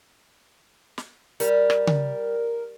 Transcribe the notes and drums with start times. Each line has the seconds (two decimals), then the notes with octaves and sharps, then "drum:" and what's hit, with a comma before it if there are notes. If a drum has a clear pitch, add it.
0.98 drum: snare
1.40 G3 A#4, drum: hi-hat
1.70 drum: rim click
1.87 drum: tom C#3